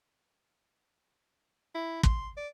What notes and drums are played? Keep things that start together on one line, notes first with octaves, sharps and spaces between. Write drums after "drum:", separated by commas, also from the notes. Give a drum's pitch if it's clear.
E4
C6, drum: kick
D5